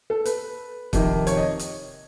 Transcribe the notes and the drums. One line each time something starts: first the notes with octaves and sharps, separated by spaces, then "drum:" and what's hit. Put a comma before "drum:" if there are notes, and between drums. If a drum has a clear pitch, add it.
A4
B4, drum: hi-hat
F2 C3 D#3, drum: kick, hi-hat
C#5, drum: hi-hat
D#5
drum: hi-hat